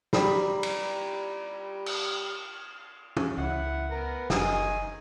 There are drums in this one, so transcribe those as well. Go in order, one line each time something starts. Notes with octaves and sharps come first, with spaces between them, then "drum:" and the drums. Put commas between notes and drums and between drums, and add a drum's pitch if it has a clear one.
G3 A#5 B5, drum: snare
drum: cymbal
drum: cymbal
C#4, drum: tom
C#2 E4 F#5
B3 A#4 B4
F#1 D#3 D#5 G#5, drum: snare